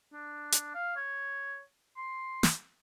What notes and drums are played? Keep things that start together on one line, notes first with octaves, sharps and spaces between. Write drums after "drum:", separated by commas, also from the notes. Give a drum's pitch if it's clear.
D4
drum: hi-hat
F5
C#5
C6
drum: snare